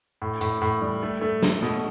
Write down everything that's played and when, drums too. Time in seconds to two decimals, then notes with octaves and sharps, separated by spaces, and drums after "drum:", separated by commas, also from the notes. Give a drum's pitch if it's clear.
0.22 A2
0.41 A2, drum: hi-hat
0.62 A2
0.82 G3
1.03 A3
1.21 A3
1.43 A3, drum: snare
1.62 B2